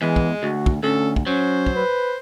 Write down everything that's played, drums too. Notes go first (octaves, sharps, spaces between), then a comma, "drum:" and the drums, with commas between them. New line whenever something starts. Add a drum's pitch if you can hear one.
E2 E3 G#3
drum: kick
D2 F#4
drum: kick
D2 C#4 A4
drum: kick
F#3 C#4 C5
drum: kick
B4